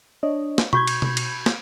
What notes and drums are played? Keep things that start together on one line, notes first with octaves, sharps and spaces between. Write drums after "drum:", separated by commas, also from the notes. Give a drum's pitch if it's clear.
D4 C#5 D#5
drum: snare
F#4 B5 C#6 G6 G#6, drum: tom B2
drum: cymbal
drum: tom B2
drum: cymbal
drum: snare